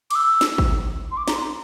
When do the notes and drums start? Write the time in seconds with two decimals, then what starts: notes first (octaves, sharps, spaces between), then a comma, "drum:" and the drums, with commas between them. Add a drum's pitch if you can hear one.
0.10 D6, drum: cymbal
0.15 E6
0.41 drum: snare
0.58 drum: kick
1.11 C6
1.17 D6
1.28 A#5, drum: snare
1.36 C6